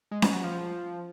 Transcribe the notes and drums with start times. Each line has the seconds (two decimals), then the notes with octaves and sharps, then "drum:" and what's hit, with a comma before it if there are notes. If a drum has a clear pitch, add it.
0.11 G#3
0.22 G#3, drum: snare C#4
0.33 F#3
0.43 F3